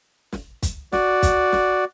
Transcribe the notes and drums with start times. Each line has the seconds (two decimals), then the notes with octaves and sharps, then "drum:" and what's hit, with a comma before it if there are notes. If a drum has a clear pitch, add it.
0.33 drum: snare
0.63 drum: kick, hi-hat
0.93 F#4 D5, drum: snare
1.23 drum: kick, hi-hat
1.52 drum: snare